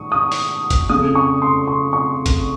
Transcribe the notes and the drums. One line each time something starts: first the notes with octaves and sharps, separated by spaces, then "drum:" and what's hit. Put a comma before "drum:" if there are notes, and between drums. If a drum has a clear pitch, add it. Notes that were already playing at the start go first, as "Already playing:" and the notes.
Already playing: G#2 D#3 C#6 D#6
D#6
drum: open hi-hat
drum: kick G1, hi-hat
C#3 D#6
F2
C#6
C6
C6
C#6
drum: kick G1, hi-hat